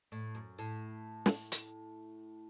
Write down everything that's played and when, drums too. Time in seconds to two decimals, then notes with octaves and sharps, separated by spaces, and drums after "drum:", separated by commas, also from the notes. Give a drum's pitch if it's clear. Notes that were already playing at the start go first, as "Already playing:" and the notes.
0.12 A2
0.35 F#2
0.59 A2
1.26 drum: snare
1.52 drum: hi-hat